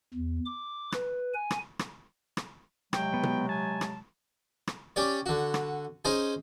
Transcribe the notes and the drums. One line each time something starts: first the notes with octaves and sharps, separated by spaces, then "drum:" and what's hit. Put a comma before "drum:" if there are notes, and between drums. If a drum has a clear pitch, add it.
E2
D6
B4, drum: rim click
G#5
drum: rim click
drum: rim click
drum: rim click
C3 F#3 G#3 G5, drum: rim click
B3
drum: tom B2
G#5 A5
drum: rim click
drum: rim click
C#4 G4 C#5 D5
D3 F#4
drum: rim click
C#4 D#4 G#4 C5 G#5